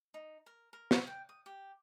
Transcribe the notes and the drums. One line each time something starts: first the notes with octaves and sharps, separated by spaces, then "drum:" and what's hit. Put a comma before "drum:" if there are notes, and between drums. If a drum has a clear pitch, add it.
D#4
A#4
A#4
C#6, drum: snare
G5
D#6
G4